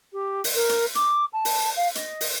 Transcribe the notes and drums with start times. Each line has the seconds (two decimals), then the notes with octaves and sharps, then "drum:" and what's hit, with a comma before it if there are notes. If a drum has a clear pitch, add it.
0.13 G4
0.44 drum: open hi-hat
0.55 A#4
0.69 drum: hi-hat
0.95 D6, drum: hi-hat
1.33 A5
1.45 drum: open hi-hat
1.76 F5
1.95 D#5, drum: hi-hat
2.21 drum: open hi-hat